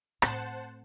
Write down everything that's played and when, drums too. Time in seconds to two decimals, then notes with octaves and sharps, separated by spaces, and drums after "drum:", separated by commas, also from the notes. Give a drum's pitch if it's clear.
0.22 A2 C4 C5 F#5 A5, drum: rim click